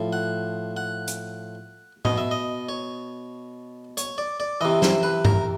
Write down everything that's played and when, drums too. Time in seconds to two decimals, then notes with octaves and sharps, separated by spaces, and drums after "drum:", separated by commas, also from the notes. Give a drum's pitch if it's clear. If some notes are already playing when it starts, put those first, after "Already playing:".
Already playing: A2 F3
0.13 F#5
0.77 F#5
1.08 drum: hi-hat
2.05 B2 D#5, drum: tom A2
2.18 E5
2.31 D#5
2.69 C#5
3.97 C#5, drum: hi-hat
4.18 D5
4.40 D5
4.61 C3 E3 D#5
4.82 C5, drum: snare
5.03 B4
5.25 A#4, drum: tom G2